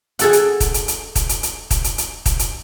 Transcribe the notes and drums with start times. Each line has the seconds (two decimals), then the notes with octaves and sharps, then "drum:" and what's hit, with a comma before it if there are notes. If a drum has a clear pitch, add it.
0.19 G#4 A4 F#5, drum: hi-hat
0.33 drum: hi-hat
0.60 drum: kick, hi-hat
0.74 drum: hi-hat
0.88 drum: hi-hat
1.15 drum: kick, hi-hat
1.29 drum: hi-hat
1.43 drum: hi-hat
1.71 drum: kick, hi-hat
1.84 drum: hi-hat
1.98 drum: hi-hat
2.26 drum: kick, hi-hat
2.39 drum: hi-hat